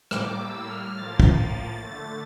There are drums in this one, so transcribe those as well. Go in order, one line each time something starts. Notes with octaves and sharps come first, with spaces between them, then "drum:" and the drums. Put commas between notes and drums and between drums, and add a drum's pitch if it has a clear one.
A2 G3 A#3 D6, drum: rim click
E6
F6
A2 F3 A#3 A6
drum: kick
D3 A3 A6